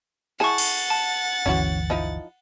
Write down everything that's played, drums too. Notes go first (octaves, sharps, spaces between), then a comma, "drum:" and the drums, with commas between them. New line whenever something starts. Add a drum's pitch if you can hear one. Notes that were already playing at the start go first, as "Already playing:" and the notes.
E4 G#4 F#5 A5 C#6 A6
drum: cymbal
A5
G1 D2 E3 C#4 E4 F#4
F3 D#4 E4